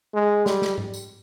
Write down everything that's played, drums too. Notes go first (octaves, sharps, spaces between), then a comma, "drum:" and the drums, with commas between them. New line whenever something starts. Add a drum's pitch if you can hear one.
G#3
G3, drum: snare
drum: snare
drum: tom G#2
drum: tambourine